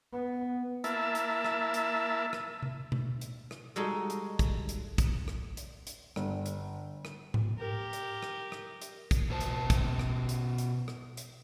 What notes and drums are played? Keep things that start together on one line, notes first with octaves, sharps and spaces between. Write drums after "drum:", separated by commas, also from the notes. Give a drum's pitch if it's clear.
B3
A#3 E4 E5 A5, drum: hi-hat
drum: hi-hat
drum: rim click
drum: hi-hat
drum: rim click
drum: tom C3
drum: tom B2
drum: hi-hat
drum: rim click
G3 G#3 D#4 F#4 A4
drum: hi-hat
drum: kick, hi-hat
drum: hi-hat
drum: kick, hi-hat
drum: rim click
drum: hi-hat
drum: hi-hat
G1, drum: rim click
drum: hi-hat
drum: rim click
drum: tom G#2
G4 A#4
drum: hi-hat
drum: rim click
drum: rim click
drum: hi-hat
drum: kick, hi-hat
B2 C5 A5
drum: hi-hat
drum: kick, hi-hat
drum: rim click
drum: hi-hat
drum: hi-hat
drum: rim click
drum: hi-hat